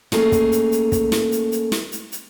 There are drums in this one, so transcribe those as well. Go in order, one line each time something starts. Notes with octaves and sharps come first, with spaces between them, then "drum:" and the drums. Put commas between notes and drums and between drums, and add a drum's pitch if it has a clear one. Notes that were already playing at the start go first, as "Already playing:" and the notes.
A3 A#3 C#4 G#4, drum: snare
drum: kick, hi-hat
drum: hi-hat
drum: hi-hat
drum: kick, hi-hat
drum: snare
drum: hi-hat
drum: hi-hat
drum: snare
drum: hi-hat
drum: hi-hat